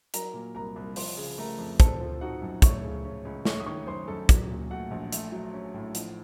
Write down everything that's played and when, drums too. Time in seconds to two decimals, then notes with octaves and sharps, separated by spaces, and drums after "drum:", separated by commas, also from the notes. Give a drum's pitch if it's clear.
0.14 F#3 A#4 A#5, drum: hi-hat
0.34 A#2
0.55 C2 A#4 A#5
0.76 C2
0.96 F3 C5 C6, drum: open hi-hat
1.17 C#3
1.38 A3 A#4 A#5
1.58 F2
1.80 C4 A4 A5, drum: kick, hi-hat
2.00 F3
2.21 D#4 F#4 F#5
2.42 F#2
2.62 A3 C#5 C#6, drum: kick, hi-hat
2.83 C#3
3.05 C#4
3.25 C#2
3.45 A3 C#5 C#6, drum: snare
3.60 D#6
3.66 D#3 C#5 C#6
3.87 F#2 C5 C6
4.08 F#2 A4 A5
4.29 F#3, drum: kick, hi-hat
4.50 A#2
4.70 A3 F#4 F#5
4.91 A#1
5.13 A3, drum: hi-hat
5.32 F#3
5.54 C#4
5.74 A2
5.95 F3, drum: hi-hat